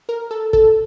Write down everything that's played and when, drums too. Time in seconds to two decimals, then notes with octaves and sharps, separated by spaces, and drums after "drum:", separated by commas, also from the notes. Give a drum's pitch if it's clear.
0.09 A#4
0.31 A4
0.53 A4, drum: kick